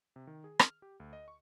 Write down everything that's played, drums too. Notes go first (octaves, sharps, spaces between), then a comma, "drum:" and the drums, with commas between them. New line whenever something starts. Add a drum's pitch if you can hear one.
C3
D#3
G#4
F6, drum: rim click
G4
D2
D#5
C#6